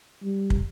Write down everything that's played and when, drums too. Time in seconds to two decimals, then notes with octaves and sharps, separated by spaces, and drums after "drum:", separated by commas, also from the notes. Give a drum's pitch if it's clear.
0.24 G3
0.50 drum: kick